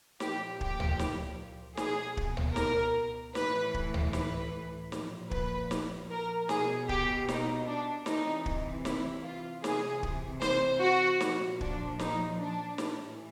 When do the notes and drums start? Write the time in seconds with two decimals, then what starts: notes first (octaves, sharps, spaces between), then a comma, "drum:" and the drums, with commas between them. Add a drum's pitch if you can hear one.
0.20 A#2 F3 G4, drum: snare
0.61 G4, drum: kick
0.80 drum: tom C#2
0.99 drum: snare
1.77 B2 G#4, drum: snare
2.17 drum: kick
2.37 drum: tom C#2
2.56 A#4, drum: snare
3.35 A2 E3 B4, drum: snare
3.74 drum: kick
3.94 drum: tom C#2
4.13 B4, drum: snare
4.92 F3, drum: snare
4.97 A#2
5.31 B4, drum: kick
5.71 drum: snare
6.10 A#4
6.49 B2 G#4, drum: snare
6.89 G4, drum: kick
7.29 D#4, drum: snare
7.67 D4
8.06 C3 E3 D#4, drum: snare
8.46 drum: kick
8.85 E4, drum: snare
9.24 F4
9.64 C3 E3 G#4, drum: snare
10.03 drum: kick
10.42 C5, drum: snare
10.81 F#4
11.20 A#2 F3, drum: snare
11.61 D4, drum: kick
11.99 D#4, drum: snare
12.39 D4
12.78 A2 E3, drum: snare